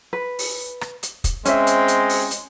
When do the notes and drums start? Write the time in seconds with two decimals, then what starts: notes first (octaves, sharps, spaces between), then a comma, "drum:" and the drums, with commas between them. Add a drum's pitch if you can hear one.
0.13 B4
0.39 drum: open hi-hat
0.81 drum: rim click
1.03 drum: hi-hat
1.24 drum: kick, hi-hat
1.45 G#3 C4 C#4 E5, drum: hi-hat
1.67 drum: hi-hat
1.88 drum: hi-hat
2.09 drum: open hi-hat
2.31 drum: hi-hat